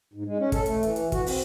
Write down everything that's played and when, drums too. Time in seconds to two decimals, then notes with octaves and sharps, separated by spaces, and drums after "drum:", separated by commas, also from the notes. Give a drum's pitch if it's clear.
0.14 G#2
0.26 G#3
0.39 C#4
0.52 A4, drum: kick, hi-hat
0.66 A3, drum: hi-hat
0.83 E3, drum: hi-hat
0.96 drum: hi-hat
1.12 F#4, drum: kick, hi-hat
1.26 C4, drum: open hi-hat